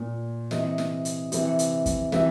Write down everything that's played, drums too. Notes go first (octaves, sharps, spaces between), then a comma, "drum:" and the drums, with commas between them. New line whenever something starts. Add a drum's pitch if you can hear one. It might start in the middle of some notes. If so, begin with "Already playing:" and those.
Already playing: A#2
C3 E3 D#5, drum: snare
drum: snare
drum: hi-hat
C3 E3, drum: hi-hat
drum: hi-hat
drum: kick, hi-hat
C3 E3 E5, drum: snare